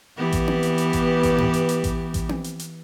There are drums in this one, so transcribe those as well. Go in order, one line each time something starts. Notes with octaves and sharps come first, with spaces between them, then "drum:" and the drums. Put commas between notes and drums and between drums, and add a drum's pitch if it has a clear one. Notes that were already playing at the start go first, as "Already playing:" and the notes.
E3 B3 G4
drum: kick A1, hi-hat
drum: tom C4
drum: hi-hat
drum: hi-hat
drum: kick A1, hi-hat
drum: kick A1, hi-hat
drum: tom G#2
drum: hi-hat
drum: hi-hat
drum: kick A1, hi-hat
drum: kick A1, hi-hat
drum: tom C4
drum: hi-hat
drum: hi-hat